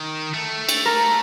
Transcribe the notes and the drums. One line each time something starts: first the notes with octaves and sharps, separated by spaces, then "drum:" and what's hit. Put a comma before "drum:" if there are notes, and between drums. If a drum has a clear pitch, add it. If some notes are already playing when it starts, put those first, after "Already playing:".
Already playing: D#3
A3
drum: cymbal
A#4